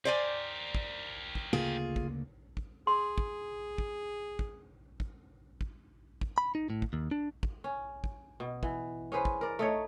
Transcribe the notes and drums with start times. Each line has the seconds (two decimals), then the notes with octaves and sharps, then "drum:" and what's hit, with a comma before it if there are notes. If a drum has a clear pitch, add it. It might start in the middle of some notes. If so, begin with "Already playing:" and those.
0.05 G4 A#4 C5 D5 G#5
0.75 drum: kick
1.35 drum: kick
1.53 D2 C#3 A#3 F4 G#4
1.96 drum: kick
2.57 drum: kick
2.87 G#4 C6
3.18 drum: kick
3.78 drum: kick
4.39 drum: kick
5.00 drum: kick
5.61 drum: kick
6.21 drum: kick
6.38 B5
6.55 D#4
6.70 A2
6.82 drum: kick
6.93 D#2
7.11 D4
7.43 drum: kick
7.64 C#4
8.04 drum: kick
8.40 B2
8.63 E3, drum: kick
9.12 C#4 G#4 B4 C5
9.25 drum: kick
9.41 A#4 D5
9.59 A3 D#4 C#5